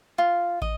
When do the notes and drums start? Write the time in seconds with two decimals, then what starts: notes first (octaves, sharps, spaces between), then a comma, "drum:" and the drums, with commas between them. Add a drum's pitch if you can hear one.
0.18 F4
0.62 D#5, drum: kick